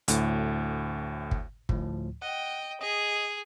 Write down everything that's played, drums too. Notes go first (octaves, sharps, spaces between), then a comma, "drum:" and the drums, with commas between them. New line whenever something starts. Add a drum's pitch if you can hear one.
D2 A2, drum: hi-hat
drum: kick G1
D2 A2 F3, drum: kick G1
D#5 F#5 G5
G#4 D#5